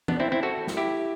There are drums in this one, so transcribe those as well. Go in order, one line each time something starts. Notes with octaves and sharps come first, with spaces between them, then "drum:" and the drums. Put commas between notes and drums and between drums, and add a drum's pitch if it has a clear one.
B3 D4, drum: tom E3
C4 E4
C4 E4
F#4 A4
drum: snare
E4 G4